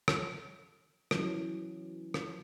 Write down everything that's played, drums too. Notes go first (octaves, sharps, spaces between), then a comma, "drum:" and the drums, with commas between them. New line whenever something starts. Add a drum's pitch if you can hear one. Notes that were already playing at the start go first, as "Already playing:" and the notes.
drum: rim click
E3 F#3 C#4, drum: rim click
drum: rim click